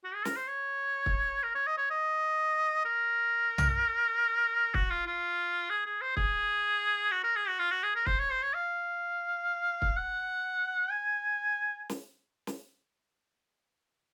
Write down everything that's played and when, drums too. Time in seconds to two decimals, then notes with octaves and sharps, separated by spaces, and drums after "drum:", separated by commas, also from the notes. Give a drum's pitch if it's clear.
0.04 F#4
0.15 G#4
0.25 A#4, drum: snare
0.36 C5
0.48 C#5
1.06 drum: kick
1.43 A#4
1.55 C#5
1.67 D#5
1.78 C#5
1.91 D#5
2.85 A#4
3.58 drum: tom
4.74 F#4, drum: kick
4.90 F4
5.07 F4
5.70 G#4
5.86 G#4
6.02 C5
6.17 G#4, drum: kick
7.12 F#4
7.24 A#4
7.36 G#4
7.48 F#4
7.59 F4
7.71 F#4
7.83 G#4
7.96 A#4
8.07 C5, drum: kick
8.19 C#5
8.31 C5
8.43 C#5
8.54 F5
9.82 drum: kick
9.97 F#5
10.91 G#5
11.89 drum: snare
12.47 drum: snare